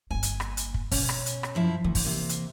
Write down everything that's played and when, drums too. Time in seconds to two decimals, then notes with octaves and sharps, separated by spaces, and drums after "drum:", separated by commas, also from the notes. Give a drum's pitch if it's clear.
0.11 G1 A#3 G#5
0.23 drum: hi-hat
0.40 drum: rim click
0.57 drum: hi-hat
0.74 drum: kick
0.92 B2 C#4, drum: kick, open hi-hat
1.09 drum: rim click
1.26 drum: hi-hat
1.43 drum: rim click
1.55 F#2 F3 E4
1.84 D2 E3
1.95 drum: kick, open hi-hat
2.05 C3 A#3
2.29 drum: hi-hat